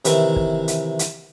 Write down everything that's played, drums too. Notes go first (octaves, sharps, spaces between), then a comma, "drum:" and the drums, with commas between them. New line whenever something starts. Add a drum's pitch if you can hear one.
C3 D#3 E3 E4, drum: hi-hat
drum: kick
drum: hi-hat
drum: hi-hat